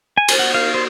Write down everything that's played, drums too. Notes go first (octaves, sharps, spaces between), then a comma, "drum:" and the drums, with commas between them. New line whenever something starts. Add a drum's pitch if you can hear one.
G#5
drum: cymbal
F#5
F5
C5